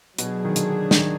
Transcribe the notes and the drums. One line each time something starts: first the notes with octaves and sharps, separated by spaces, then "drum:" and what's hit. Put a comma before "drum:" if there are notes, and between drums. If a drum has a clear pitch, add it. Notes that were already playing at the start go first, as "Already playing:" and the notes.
B2 F#3 D4 G#4, drum: hi-hat
D#3
D3, drum: hi-hat
D#3, drum: snare